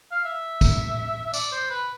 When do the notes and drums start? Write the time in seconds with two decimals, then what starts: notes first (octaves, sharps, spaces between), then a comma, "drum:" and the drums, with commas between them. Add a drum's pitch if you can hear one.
0.12 F5
0.25 E5
0.61 drum: kick, tambourine
1.26 E5
1.33 D5, drum: tambourine
1.52 C5
1.70 B4